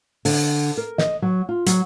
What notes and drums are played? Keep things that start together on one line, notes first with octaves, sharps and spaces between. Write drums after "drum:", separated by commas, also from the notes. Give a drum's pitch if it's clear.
D3, drum: open hi-hat
A#4
D#5, drum: snare
F#3
F4
F#3, drum: hi-hat